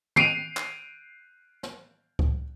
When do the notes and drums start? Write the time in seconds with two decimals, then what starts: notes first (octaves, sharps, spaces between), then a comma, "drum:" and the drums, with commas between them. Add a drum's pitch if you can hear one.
0.16 C7 D7 D#7 F7, drum: tom
0.57 drum: clap
1.63 drum: snare
2.19 drum: kick C#2